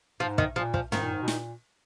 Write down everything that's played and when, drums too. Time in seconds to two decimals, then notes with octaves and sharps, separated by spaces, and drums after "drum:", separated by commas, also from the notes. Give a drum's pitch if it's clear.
0.20 G#2 F3
0.38 D#3, drum: kick
0.56 A#2 F3
0.74 F3, drum: kick
0.92 G#2 D#3, drum: tom
1.02 A#2
1.13 G#2
1.22 B2
1.28 A#2, drum: snare